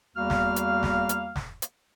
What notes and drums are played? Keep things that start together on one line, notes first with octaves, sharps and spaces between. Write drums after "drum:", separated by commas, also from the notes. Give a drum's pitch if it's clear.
E2 G3 A#3 F#4 F5 F6
drum: snare
drum: hi-hat
drum: snare
drum: hi-hat
drum: snare
drum: hi-hat